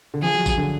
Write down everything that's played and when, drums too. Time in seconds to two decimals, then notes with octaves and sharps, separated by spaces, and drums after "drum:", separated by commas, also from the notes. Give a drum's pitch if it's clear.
0.14 D3
0.22 F3 G#4
0.34 F#3
0.46 drum: kick, tambourine
0.58 D3